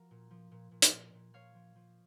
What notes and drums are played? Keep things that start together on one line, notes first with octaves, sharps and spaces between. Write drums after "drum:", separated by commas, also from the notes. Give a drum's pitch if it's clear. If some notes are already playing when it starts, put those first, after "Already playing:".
Already playing: F3 F#4 A#4
A#2
F3
A#2
A#2
drum: hi-hat
A#2
A#2
F3 C#5 F5
F3
F3